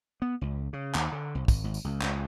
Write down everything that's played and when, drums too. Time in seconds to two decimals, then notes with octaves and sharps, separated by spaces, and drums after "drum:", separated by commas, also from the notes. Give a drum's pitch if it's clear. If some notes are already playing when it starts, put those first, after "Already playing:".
0.22 B3
0.41 C#2
0.73 C#3
0.95 D#2, drum: clap
1.12 D3
1.35 C2
1.48 G#1, drum: kick, tambourine
1.64 G#1
1.74 drum: tambourine
1.84 C#2
2.02 C#2, drum: clap